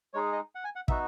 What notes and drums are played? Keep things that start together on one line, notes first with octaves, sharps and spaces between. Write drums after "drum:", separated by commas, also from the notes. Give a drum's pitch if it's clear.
G#3 D#4 G#4 C#5
D#5
F#5
G#5
F#5
B3 D#4 F#4 E5, drum: kick